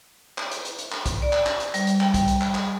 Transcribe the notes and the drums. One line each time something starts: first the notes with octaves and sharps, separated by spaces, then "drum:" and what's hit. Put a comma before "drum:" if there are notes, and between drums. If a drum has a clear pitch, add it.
drum: clap
drum: hi-hat
drum: hi-hat
drum: hi-hat
drum: clap
drum: kick, hi-hat
D5
drum: clap
drum: clap
drum: hi-hat
G3, drum: hi-hat
drum: hi-hat
G5, drum: clap
drum: kick, hi-hat
drum: hi-hat
drum: clap
drum: clap